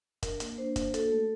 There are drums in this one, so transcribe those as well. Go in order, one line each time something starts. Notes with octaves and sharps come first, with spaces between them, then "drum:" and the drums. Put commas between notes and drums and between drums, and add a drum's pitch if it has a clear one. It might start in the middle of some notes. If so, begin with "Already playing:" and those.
D4 A#4, drum: kick, hi-hat
A#3, drum: hi-hat
D4 C5
A#3, drum: kick, hi-hat
F#4 A4, drum: hi-hat
A3